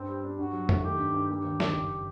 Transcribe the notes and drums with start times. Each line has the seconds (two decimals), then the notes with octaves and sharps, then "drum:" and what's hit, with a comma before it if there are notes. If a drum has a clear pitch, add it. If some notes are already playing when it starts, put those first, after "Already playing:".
Already playing: G2 C4
0.09 G3
0.24 D4
0.38 G2 F#4
0.53 F#3
0.69 A3, drum: tom F2
0.84 D#3 G4
0.99 G2
1.14 G2
1.29 A#3 G4
1.44 D#2
1.60 D#3, drum: snare
1.75 F#1